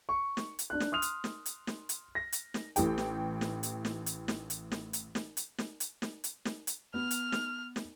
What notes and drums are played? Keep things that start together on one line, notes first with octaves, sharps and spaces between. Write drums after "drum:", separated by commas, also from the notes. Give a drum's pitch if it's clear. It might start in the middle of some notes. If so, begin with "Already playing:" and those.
C#6
drum: snare
drum: hi-hat
D4 F#6
drum: snare
C6 D#6 F6 F7
drum: hi-hat
drum: snare
drum: hi-hat
drum: snare
drum: hi-hat
A#6
drum: hi-hat
drum: snare
A1 A2 G4 G5, drum: hi-hat
drum: snare
drum: snare
drum: hi-hat
drum: snare
drum: hi-hat
drum: snare
drum: hi-hat
drum: snare
drum: hi-hat
drum: snare
drum: hi-hat
drum: snare
drum: hi-hat
drum: snare
drum: hi-hat
drum: snare
drum: hi-hat
B3 F6
drum: hi-hat
drum: snare
drum: snare